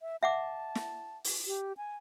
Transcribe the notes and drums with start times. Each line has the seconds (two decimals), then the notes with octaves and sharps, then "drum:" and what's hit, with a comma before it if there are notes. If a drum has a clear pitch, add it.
0.02 E5
0.23 E5 F#5 A5 D6
0.75 drum: snare
1.24 drum: open hi-hat
1.47 G4
1.77 G#5